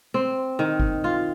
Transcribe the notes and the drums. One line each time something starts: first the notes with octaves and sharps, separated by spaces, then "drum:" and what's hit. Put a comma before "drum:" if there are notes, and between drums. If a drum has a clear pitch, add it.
C4
D#3
drum: kick
F4